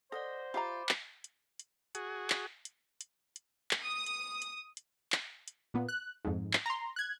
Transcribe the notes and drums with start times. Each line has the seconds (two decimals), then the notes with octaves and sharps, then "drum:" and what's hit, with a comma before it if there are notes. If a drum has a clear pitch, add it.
0.12 A4 C5 D5 D#5 F#5 A#6
0.54 F4 G4 D5 E5 A#5 B5 D6
0.89 drum: clap
1.24 drum: hi-hat
1.59 drum: hi-hat
1.95 F#4 G#4, drum: hi-hat
2.30 drum: clap
2.65 drum: hi-hat
3.01 drum: hi-hat
3.36 drum: hi-hat
3.71 drum: clap
3.83 D#6
4.06 drum: hi-hat
4.42 drum: hi-hat
4.77 drum: hi-hat
5.12 drum: clap
5.48 drum: hi-hat
5.74 A#2 B3
5.89 F#6
6.25 F2 G#2
6.53 drum: clap
6.66 A#5 C6
6.96 F#6 G#6